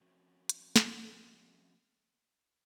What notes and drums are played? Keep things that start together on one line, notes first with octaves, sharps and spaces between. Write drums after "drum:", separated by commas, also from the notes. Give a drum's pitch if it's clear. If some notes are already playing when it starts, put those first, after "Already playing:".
F3 A3 C4 C#4 F#4 A#4
drum: hi-hat
drum: snare